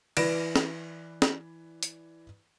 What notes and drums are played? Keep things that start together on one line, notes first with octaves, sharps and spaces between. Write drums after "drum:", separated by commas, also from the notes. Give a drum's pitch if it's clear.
E3 B4 D5 A#6 D7 E7, drum: cymbal
drum: snare
drum: snare
drum: hi-hat